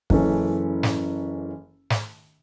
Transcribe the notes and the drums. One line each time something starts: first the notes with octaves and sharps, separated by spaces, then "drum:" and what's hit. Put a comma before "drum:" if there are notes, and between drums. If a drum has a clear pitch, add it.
F#1 E3 C#4 A4, drum: kick
drum: snare
drum: snare